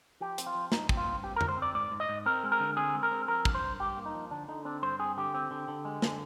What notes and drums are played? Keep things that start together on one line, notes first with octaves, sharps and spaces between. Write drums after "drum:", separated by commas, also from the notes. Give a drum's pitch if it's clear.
F3 G4
C4, drum: hi-hat
F4
F3
G2 D#4, drum: snare
C4, drum: kick
F4
G2
C4 G4
A#4
G#2, drum: tom F2
C5
C4 D5
G#2 D5
G#2
D#5
G#2
C4 A#4
G#3
A#4
D3
C4 G#4
G#3
A#4
C4
F3 A#4
G2, drum: kick
C5
G2
G2 G4
A#3
D#4
F3
D3 D4
D3 D#4
C4 D4
G2 C5
C4 G#4
D3 G4
C4
D3
D3
G#3
D3, drum: snare